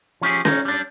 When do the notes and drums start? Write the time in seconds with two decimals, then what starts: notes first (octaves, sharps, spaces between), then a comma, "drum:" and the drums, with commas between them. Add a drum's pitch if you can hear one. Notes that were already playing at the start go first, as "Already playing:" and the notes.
0.21 F3 C#4 G4 G#4
0.45 C#4 D#4, drum: snare C#4
0.65 G3 D4